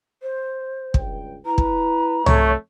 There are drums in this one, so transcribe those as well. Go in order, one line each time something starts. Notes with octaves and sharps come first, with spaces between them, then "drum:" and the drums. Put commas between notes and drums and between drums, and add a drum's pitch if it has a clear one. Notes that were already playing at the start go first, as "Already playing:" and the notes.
C5
C#2 G2 G5, drum: kick
E4 B4 A#5
drum: kick
F2 C#3 A3 C#5, drum: tom C2